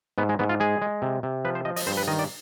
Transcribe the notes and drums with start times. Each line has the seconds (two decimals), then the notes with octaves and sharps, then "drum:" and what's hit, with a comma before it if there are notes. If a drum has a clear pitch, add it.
0.18 G#2 B3
0.29 G#3
0.39 G#2 B3
0.49 F4
0.60 G#3 G#4
0.82 G#3
1.02 C3
1.23 C3
1.45 F3 B4
1.55 C5
1.65 F3 D#5
1.76 D#5, drum: open hi-hat
1.87 G2 C5
1.97 B4
2.08 D#3 D#5
2.19 D5